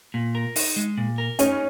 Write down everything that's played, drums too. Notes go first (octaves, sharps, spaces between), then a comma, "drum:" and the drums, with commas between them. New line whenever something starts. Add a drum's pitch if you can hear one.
A#2
A#4
D#4, drum: open hi-hat
G#3
A#2
A#4
C#4 D#4, drum: hi-hat